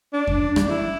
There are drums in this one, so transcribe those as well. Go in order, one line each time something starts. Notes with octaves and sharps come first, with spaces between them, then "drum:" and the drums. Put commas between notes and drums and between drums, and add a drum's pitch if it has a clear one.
D4
drum: kick F2
drum: rim click
E4